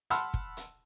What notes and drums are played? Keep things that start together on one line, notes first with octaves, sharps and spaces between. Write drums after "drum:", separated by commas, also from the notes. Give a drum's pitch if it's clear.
F#5 A5 B5 C6 E6 F6, drum: hi-hat
drum: kick
drum: hi-hat